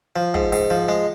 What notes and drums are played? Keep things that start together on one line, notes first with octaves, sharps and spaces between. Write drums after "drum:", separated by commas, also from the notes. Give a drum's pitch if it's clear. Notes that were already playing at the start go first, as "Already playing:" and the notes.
F3
G#2, drum: kick
G#2, drum: open hi-hat
F3
G#3